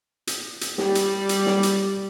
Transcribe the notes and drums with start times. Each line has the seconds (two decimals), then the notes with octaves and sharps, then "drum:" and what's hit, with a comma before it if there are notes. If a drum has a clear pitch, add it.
0.27 drum: hi-hat
0.61 drum: hi-hat
0.78 G3 G4 D5, drum: snare
0.95 drum: hi-hat
1.29 drum: hi-hat
1.46 drum: snare
1.63 drum: hi-hat